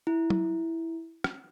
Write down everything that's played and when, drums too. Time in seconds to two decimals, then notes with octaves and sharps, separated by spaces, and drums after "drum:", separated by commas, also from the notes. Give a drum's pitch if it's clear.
0.07 E4
0.30 drum: tom F#3
1.24 drum: rim click